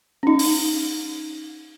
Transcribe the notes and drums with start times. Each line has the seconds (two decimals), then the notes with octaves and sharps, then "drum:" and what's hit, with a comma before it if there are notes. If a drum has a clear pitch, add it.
0.23 C#4 D#4
0.39 drum: open hi-hat